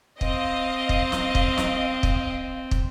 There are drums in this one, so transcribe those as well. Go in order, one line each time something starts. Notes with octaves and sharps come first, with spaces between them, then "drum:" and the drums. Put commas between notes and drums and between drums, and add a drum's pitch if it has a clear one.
C4 D#5 F5, drum: kick
drum: kick
drum: snare
drum: kick
drum: snare
drum: kick
drum: kick